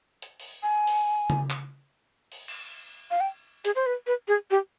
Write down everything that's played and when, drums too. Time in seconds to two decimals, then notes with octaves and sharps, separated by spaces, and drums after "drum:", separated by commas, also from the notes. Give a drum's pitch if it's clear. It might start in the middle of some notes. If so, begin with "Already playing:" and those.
0.22 drum: hi-hat
0.40 drum: open hi-hat
0.63 G#5
0.87 drum: open hi-hat
1.30 drum: tom C#3
1.50 drum: clap
2.32 drum: open hi-hat
2.48 drum: cymbal
3.11 F5
3.20 G5
3.65 G#4, drum: hi-hat
3.75 C5
3.86 B4
4.07 B4
4.28 G#4
4.51 G4